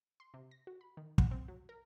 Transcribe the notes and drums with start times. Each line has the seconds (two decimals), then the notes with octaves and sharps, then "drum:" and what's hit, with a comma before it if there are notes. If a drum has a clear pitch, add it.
0.20 C6
0.34 C3
0.51 A#6
0.67 F#4
0.81 B5
0.97 D#3
1.18 F#5, drum: kick
1.31 C4
1.48 F#3
1.69 A#4